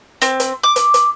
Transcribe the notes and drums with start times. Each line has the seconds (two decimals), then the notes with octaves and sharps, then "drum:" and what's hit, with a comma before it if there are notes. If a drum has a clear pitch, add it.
0.22 C4, drum: hi-hat
0.40 drum: hi-hat
0.64 D6
0.76 drum: hi-hat
0.94 drum: hi-hat